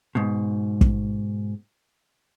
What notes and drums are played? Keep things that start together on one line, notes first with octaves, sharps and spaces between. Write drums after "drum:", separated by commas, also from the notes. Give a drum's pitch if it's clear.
G#2 B2
drum: kick